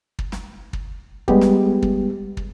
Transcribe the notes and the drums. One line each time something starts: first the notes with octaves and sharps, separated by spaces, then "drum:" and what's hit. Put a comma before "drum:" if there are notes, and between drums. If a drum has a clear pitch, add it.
drum: kick
drum: snare
drum: kick
G3 G#3 B3 G4, drum: kick
drum: snare
drum: kick
drum: kick